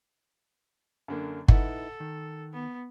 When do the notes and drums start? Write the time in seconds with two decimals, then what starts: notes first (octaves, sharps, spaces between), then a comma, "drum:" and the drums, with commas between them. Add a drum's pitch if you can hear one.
1.08 F#2 D3 A#3
1.48 D#4 E4 A4 B4 F#5, drum: kick G1
2.00 D#3
2.53 B3